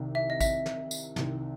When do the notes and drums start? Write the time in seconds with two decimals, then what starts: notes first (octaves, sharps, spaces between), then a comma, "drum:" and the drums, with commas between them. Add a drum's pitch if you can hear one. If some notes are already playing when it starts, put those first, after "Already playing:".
Already playing: C2 C3 D#3
0.15 E5
0.30 D#5
0.41 E5, drum: kick A1, tambourine
0.66 drum: snare
0.91 drum: tambourine
1.16 C2 C3 D#3, drum: snare